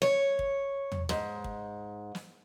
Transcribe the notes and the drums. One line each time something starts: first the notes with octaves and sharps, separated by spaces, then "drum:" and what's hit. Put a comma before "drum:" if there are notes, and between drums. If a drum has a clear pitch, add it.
C#5, drum: snare
drum: kick
drum: tom
G#2, drum: snare
drum: kick
drum: snare